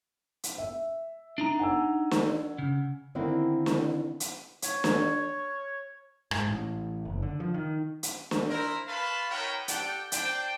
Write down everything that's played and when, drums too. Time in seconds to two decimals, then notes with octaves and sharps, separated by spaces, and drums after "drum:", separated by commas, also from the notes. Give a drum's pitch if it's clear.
0.43 drum: hi-hat
0.58 E5
1.38 D4 D#4 A#5
1.59 F#5 G#5 E6
2.11 drum: snare
2.58 C#3
3.15 D3 D#3 A#3 C4 E4
3.66 drum: snare
4.20 drum: hi-hat
4.62 C#5, drum: hi-hat
4.84 drum: snare
6.31 G#2, drum: rim click
6.47 A1
7.05 F#1
7.23 D3
7.40 F3
7.54 D#3
8.03 drum: hi-hat
8.31 drum: snare
8.50 E4 A#4 C5
8.88 B4 C#5 F5 A5 B5 C6
9.30 D#4 F#4 A#4 B4 C#5 G5
9.68 G4 A4 D5 F#5 G5, drum: hi-hat
10.12 D4 C5 D5 G5, drum: hi-hat